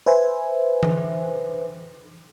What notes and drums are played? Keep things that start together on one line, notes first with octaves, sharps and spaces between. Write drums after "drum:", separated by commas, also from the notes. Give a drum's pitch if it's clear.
B4 C5 E5 G#5
drum: tom E3